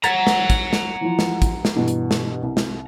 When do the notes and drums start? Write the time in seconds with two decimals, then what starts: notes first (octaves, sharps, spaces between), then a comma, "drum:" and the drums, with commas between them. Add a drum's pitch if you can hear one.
0.04 F#5 A#5 G#6 A6 B6, drum: hi-hat
0.27 drum: snare
0.50 drum: kick, hi-hat
0.73 drum: snare
1.01 E3 F3
1.19 drum: snare
1.42 drum: kick, hi-hat
1.65 drum: snare
1.75 G2 B2 E3
1.88 drum: hi-hat
2.11 drum: snare
2.43 C2
2.57 drum: snare